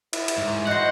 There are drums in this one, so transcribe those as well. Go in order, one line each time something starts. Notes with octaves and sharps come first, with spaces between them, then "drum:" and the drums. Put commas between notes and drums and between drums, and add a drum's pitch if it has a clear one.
E4, drum: cymbal
drum: cymbal
G#2
F#4 C5 D#5 F#5